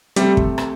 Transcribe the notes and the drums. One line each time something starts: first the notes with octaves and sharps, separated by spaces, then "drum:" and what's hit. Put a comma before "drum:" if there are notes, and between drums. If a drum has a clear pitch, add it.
C3 G3 A3 C4, drum: hi-hat
drum: kick
drum: rim click